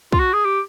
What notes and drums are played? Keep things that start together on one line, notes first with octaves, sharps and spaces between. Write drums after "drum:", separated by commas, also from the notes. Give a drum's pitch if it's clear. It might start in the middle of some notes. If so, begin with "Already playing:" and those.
F4, drum: kick
F#4
G#4
G4